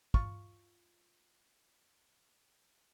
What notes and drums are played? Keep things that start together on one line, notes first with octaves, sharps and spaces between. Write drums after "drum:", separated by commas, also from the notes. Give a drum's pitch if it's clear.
F4 C#6, drum: kick